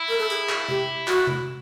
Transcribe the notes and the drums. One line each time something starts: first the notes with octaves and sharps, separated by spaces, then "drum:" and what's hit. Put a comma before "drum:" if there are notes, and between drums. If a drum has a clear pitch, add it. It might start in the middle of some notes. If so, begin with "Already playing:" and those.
Already playing: E4
A#4
A4
G#4, drum: hi-hat
drum: clap
G4, drum: tom C3
F#4, drum: clap
drum: tom C3